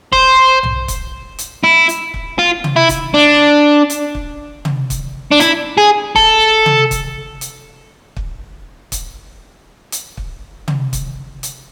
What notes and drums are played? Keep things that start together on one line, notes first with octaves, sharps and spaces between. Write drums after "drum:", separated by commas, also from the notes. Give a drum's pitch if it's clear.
C5, drum: kick
drum: tom B1
drum: kick, hi-hat
drum: hi-hat
E4
drum: hi-hat
drum: kick
F4
drum: tom
E4
drum: kick, hi-hat
D4
drum: hi-hat
drum: kick
drum: tom
drum: kick, hi-hat
D4
E4, drum: hi-hat
G#4
A4, drum: kick
drum: tom
drum: kick, hi-hat
drum: hi-hat
drum: kick
drum: kick, hi-hat
drum: hi-hat
drum: kick
drum: tom
drum: kick, hi-hat
drum: hi-hat